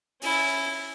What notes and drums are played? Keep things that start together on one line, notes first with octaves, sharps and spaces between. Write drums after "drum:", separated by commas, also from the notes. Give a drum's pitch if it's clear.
C#4 E4, drum: open hi-hat